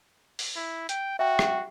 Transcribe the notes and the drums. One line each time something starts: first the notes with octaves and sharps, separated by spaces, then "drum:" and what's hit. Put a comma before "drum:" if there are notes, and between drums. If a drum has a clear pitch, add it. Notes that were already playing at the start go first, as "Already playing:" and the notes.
drum: open hi-hat
E4
G5, drum: hi-hat
F#4 E5 G5
drum: rim click